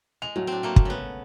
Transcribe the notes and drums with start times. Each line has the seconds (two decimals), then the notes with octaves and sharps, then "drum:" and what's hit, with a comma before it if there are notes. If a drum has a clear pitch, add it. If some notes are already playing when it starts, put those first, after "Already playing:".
0.22 G#3 F7
0.36 A2 F#3
0.47 C4 D4
0.63 A3 A#3 C4
0.76 drum: kick
0.85 C#3 B3